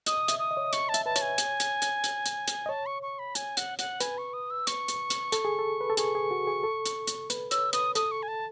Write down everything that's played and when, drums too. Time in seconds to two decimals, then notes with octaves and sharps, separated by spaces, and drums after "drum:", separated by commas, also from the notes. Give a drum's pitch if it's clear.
0.06 D#5 D#6, drum: hi-hat
0.28 E5, drum: hi-hat
0.39 D#6
0.51 D#5
0.57 C#5
0.64 D#5
0.73 C#6, drum: hi-hat
0.89 A5
0.94 E5, drum: hi-hat
1.05 B4 A5
1.16 C#5, drum: hi-hat
1.22 G#5
1.38 drum: hi-hat
1.60 drum: hi-hat
1.82 drum: hi-hat
2.04 drum: hi-hat
2.26 drum: hi-hat
2.48 drum: hi-hat
2.66 D#5
2.69 C#5 A5
2.86 C#6
3.02 C#6
3.19 B5
3.35 G#5, drum: hi-hat
3.57 F#5, drum: hi-hat
3.79 F#5, drum: hi-hat
4.00 B4 G#5, drum: hi-hat
4.18 C#6
4.34 D#6
4.51 E6
4.67 C#6, drum: hi-hat
4.88 drum: hi-hat
5.10 drum: hi-hat
5.32 A4, drum: hi-hat
5.45 G#4
5.59 A4
5.81 B4
5.90 A4
5.97 G#4 C#6, drum: hi-hat
6.15 G#4
6.31 F#4
6.47 G#4
6.64 A4
6.86 drum: hi-hat
7.07 drum: hi-hat
7.30 B4, drum: hi-hat
7.51 C#5 E6, drum: hi-hat
7.73 B4 D#6, drum: hi-hat
7.95 A4 D#6, drum: hi-hat
8.11 C#6
8.23 G#5
8.28 A5